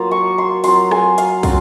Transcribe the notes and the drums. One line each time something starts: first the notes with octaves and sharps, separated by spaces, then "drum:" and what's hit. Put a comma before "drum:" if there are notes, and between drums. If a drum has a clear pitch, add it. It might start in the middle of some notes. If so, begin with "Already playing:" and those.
Already playing: F#3 A#3 F4
C#6
C6
F#3 C4 F4 C6, drum: open hi-hat
G#5, drum: rim click
F5, drum: hi-hat
F#3 C4 F4 F5, drum: kick, open hi-hat